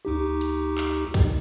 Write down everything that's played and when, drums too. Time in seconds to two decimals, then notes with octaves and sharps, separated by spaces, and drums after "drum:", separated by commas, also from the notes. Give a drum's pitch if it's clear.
0.05 D2 D#4 G4
0.41 drum: hi-hat
0.78 drum: clap
1.14 drum: kick, hi-hat